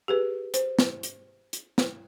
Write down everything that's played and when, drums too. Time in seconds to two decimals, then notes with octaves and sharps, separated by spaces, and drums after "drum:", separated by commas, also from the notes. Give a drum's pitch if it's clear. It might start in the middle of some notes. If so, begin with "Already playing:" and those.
0.08 G4 G#4 B4
0.54 C5, drum: hi-hat
0.79 drum: snare
1.03 drum: hi-hat
1.53 drum: hi-hat
1.78 drum: snare